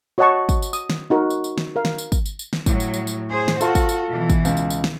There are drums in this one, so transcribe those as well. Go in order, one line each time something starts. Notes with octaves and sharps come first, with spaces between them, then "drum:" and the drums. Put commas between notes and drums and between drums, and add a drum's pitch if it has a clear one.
F#4 C#5 D#5 F#5 A5 C#6
drum: kick, tambourine
drum: tambourine
D#6, drum: tambourine
drum: snare
D#4 F#4 A#4
drum: tambourine
drum: tambourine
drum: snare
A#4 F5
drum: snare
drum: tambourine
drum: kick, tambourine
drum: tambourine
drum: tambourine
drum: snare
A2 F#3, drum: kick, tambourine
drum: tambourine
drum: tambourine
drum: tambourine
G#4 C5
drum: snare
F4 F#4 A4, drum: tambourine
drum: kick, tambourine
drum: tambourine
B2 E3
drum: kick, tambourine
C#2, drum: tambourine
drum: tambourine
drum: tambourine
drum: snare